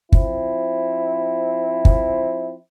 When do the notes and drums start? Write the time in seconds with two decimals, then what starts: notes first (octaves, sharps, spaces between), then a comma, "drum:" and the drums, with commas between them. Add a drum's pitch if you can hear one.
0.12 F3 C4 E4, drum: kick
1.85 drum: kick